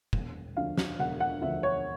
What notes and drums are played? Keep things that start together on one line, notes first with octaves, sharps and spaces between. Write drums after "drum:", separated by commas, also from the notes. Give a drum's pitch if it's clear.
E1, drum: kick
D2 D3 F3 F5
drum: snare
E1 F#5
F#5
D2 D3 F3 E5
C#5